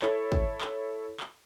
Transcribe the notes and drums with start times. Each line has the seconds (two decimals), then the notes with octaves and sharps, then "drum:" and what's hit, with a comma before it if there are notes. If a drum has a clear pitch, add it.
0.02 E4 A4 C#5, drum: clap
0.32 drum: kick
0.61 drum: clap
1.20 drum: clap